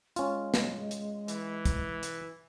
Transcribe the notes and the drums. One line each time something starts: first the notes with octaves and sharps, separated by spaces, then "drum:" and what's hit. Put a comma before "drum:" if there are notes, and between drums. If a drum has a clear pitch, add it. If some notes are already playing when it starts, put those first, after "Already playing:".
G#3 C#4 F4, drum: hi-hat
drum: snare
drum: hi-hat
E3, drum: hi-hat
drum: kick, hi-hat
drum: hi-hat